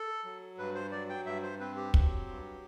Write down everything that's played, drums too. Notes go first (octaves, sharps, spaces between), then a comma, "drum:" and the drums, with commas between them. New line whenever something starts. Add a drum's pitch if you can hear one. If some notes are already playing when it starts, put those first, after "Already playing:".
Already playing: A4
F#3
G2 B4
C5
F#3 D5
G5
G2 E5
C5
C4 B4
G4
F#3, drum: kick
G2